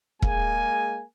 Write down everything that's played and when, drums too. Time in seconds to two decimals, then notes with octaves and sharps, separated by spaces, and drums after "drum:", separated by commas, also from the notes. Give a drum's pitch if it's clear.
0.22 G#3 A#3 G#4 G#5, drum: kick E1